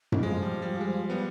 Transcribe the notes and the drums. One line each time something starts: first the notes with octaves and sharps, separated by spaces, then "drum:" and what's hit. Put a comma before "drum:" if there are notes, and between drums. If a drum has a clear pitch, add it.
drum: tom F#2
F3 G#3
G3
G3
G#3
G3 B3